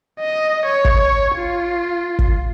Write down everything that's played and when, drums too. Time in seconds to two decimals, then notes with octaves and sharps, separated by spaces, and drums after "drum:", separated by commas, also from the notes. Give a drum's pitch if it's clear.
0.20 D#5
0.65 C#5
0.85 drum: kick
1.35 F4
2.19 drum: kick